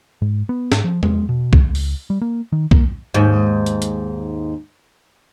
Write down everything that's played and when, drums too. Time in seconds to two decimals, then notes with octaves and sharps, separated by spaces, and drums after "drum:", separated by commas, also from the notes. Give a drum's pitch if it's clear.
0.22 G#2
0.49 B3
0.72 G#2, drum: snare
0.84 F3
1.03 G#3, drum: tom E2
1.29 B2
1.53 C#2, drum: kick
1.75 drum: open hi-hat
2.10 G3
2.21 A#3
2.52 D#3
2.71 A#3, drum: kick
3.14 D#2 G#2
3.66 drum: hi-hat
3.82 drum: hi-hat